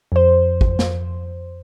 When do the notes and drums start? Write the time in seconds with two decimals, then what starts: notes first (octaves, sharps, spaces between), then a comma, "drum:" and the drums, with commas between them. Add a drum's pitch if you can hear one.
0.12 F2 C5
0.61 drum: kick
0.79 drum: snare